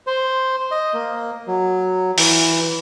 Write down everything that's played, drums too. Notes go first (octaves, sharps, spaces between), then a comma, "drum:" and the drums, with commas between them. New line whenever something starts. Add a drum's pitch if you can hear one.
C5
D#5
A#3
F#3
E3, drum: open hi-hat